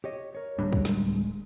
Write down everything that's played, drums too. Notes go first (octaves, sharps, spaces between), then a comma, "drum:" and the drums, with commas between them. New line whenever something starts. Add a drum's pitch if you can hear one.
G4 C#5 D#5
A#4 C#5
D1 G3 D4
drum: kick
G#3, drum: snare